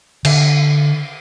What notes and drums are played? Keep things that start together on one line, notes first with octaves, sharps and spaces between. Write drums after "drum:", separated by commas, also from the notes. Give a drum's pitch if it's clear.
D3, drum: cymbal